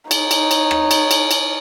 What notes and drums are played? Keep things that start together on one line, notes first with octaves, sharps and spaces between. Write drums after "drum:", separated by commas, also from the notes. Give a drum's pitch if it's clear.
D#4 C#5, drum: cymbal
drum: cymbal
drum: cymbal
drum: rim click
drum: cymbal
drum: cymbal
drum: cymbal